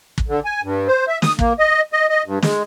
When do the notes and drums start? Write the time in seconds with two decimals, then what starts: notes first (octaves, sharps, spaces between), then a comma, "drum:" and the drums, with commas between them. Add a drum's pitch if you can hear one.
0.18 drum: kick
0.28 D3
0.45 G#5
0.63 G2
0.88 C5
1.08 E5
1.22 D#6, drum: snare
1.39 A#3, drum: kick
1.59 D#5
1.93 D#5
2.09 D#5
2.26 G2
2.42 G#3, drum: snare